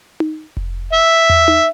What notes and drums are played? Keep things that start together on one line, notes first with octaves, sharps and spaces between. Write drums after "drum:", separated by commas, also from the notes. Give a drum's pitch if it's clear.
drum: tom D#4
drum: kick F1
E5
drum: tom
drum: tom D#4